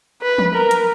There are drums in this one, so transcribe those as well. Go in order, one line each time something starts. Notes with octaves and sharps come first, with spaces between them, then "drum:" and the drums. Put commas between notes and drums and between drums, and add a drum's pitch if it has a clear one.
B4
drum: tom
A#4
drum: hi-hat